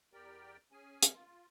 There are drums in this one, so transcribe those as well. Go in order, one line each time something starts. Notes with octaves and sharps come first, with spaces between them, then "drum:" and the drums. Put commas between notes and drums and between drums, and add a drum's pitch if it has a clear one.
E2 G4 A#4 D5 G5
C#4 G#4 G#5
drum: hi-hat
F4